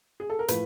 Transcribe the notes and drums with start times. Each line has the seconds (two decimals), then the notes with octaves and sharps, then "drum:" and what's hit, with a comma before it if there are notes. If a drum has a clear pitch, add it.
0.20 G#4
0.30 A4
0.39 A#4
0.48 A2 F3 B4, drum: hi-hat